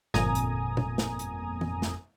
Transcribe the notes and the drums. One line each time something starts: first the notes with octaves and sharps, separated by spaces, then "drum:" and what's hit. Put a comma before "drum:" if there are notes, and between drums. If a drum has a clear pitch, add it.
G1 F2 A#2 G#5 A#5 D#6, drum: snare
drum: hi-hat
drum: tom
drum: snare
drum: hi-hat
drum: tom
drum: snare